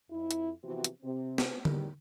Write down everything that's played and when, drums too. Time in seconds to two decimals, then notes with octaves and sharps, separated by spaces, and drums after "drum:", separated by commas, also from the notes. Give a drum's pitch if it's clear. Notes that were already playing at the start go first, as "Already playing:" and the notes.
0.10 F2 E4
0.31 drum: hi-hat
0.63 C3 E3 F3 B3 C4 F#4
0.84 drum: hi-hat
1.03 C3 C4
1.38 drum: snare
1.65 E2 A2 D3 D#3 G3, drum: tom D3